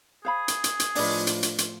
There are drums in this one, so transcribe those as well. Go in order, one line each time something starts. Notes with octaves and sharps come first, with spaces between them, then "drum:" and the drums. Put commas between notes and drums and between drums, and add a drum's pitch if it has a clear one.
G#4 C5 F5 B5
drum: hi-hat
drum: hi-hat
drum: hi-hat
A2 F3 G#3 D4 F4 B4 D5, drum: open hi-hat
drum: hi-hat
drum: hi-hat
drum: hi-hat